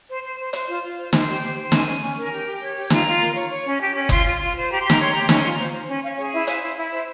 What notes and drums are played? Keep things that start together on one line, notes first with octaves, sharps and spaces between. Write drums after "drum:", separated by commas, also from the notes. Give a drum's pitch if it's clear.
C5
C5
C5
C5, drum: hi-hat
F4
F4
C5
C5, drum: snare
G4
C5
C5
C#4 G#5, drum: snare
C#4
C#4
A#4
G4
G4
C#5
G4
F4 A#5, drum: snare
F4
A#4
C#5
C#5
C#4
G4
C#4
F4 C6, drum: kick F#1, hi-hat
F4
F4
C5
G4 A#5
G4 C6
A#5, drum: snare
C#5 C6
G4 A#5
C6
C#4 A#5, drum: snare
F4 C6
A#5
C5
C5
C#4
C#4 F5
G#4 C#5
E4 E5
C5 F5, drum: hi-hat
E4
E4 E5
C5 E5